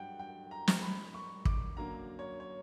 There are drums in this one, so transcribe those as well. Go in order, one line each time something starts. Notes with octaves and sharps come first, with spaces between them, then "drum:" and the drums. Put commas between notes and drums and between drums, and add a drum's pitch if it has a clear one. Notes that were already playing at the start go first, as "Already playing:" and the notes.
Already playing: G2 F#3 F#5 G5
G5
A#5
drum: snare
B5
C#6
D6, drum: kick
F#2 D3 F#3 A#3 A#5
C#5
C#5